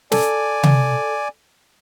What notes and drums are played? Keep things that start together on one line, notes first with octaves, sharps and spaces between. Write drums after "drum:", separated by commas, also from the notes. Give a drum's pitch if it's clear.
A4 D5 G#5, drum: snare
drum: tom C3